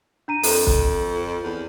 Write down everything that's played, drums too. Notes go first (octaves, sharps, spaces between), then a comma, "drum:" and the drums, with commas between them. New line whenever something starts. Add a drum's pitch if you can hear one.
D4 A#5 D#7
F2 A4, drum: open hi-hat
drum: kick
E2